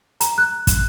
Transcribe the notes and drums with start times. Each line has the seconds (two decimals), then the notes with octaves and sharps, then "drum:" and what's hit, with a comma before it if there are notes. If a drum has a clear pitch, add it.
0.21 A#5, drum: hi-hat
0.38 F#6
0.67 drum: kick, hi-hat